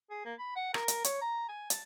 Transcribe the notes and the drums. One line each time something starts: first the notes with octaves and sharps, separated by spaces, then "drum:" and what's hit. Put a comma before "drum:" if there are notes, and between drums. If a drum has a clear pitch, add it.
G#4
A#3
B5
F#5
A#4, drum: rim click
drum: hi-hat
C#5, drum: hi-hat
A#5
G#5
A5, drum: hi-hat